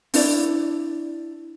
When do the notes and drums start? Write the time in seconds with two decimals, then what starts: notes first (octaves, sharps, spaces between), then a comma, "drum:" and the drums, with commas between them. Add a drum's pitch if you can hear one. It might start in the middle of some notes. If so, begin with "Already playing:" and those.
0.14 D4 E4 D5, drum: open hi-hat